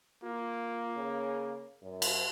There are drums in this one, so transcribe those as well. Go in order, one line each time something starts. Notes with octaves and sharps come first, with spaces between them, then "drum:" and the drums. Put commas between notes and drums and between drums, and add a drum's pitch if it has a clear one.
A#3 F4
C#3
F#2
drum: cymbal